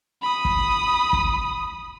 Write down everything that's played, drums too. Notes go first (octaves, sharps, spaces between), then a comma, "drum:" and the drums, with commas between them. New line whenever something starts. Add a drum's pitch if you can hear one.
B5 D#6
drum: kick
drum: kick